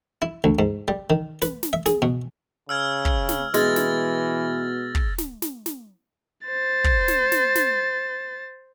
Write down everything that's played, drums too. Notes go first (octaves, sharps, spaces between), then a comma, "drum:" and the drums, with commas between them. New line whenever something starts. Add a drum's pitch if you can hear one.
E4
D2
G#2
G3
D#3
B4, drum: snare
drum: snare
E5
G#4, drum: snare
B2
C#3 E6 F6 G#6
drum: kick
drum: snare
B2 E3 G#3 A6 A#6, drum: snare
drum: snare
drum: kick
drum: snare
drum: snare
drum: snare
C5 A6
drum: kick
drum: snare
drum: snare
drum: snare